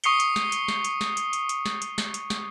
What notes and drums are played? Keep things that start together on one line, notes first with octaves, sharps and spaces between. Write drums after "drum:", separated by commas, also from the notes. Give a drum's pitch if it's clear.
C#6 D#6 C7 C#7 G7, drum: hi-hat
drum: hi-hat
drum: snare
drum: hi-hat
drum: snare
drum: hi-hat
drum: snare
drum: hi-hat
drum: hi-hat
drum: hi-hat
drum: snare
drum: hi-hat
drum: snare
drum: hi-hat
drum: snare